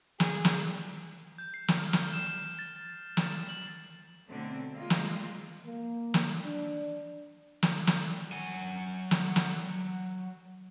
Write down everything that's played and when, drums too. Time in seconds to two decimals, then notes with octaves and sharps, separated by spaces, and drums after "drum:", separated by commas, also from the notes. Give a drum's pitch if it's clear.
0.20 G#4, drum: snare
0.45 drum: snare
1.38 G6
1.54 C7
1.68 drum: snare
1.79 F6
1.93 drum: snare
2.13 E7
2.59 A6
3.17 drum: snare
3.49 F#7
4.29 B2 D3 F#3 A3 C4
4.74 G#3 A#3 F4
4.90 drum: snare
5.65 A#3
6.14 drum: snare
6.44 D4
7.63 drum: snare
7.87 drum: snare
8.32 F#3 G#5
9.11 drum: snare
9.36 drum: snare